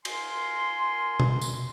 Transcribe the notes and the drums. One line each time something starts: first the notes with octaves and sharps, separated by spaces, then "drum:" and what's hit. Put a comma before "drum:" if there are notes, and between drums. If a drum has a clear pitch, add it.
F4 A#4 G#5 C6, drum: cymbal
drum: tom B2
drum: tambourine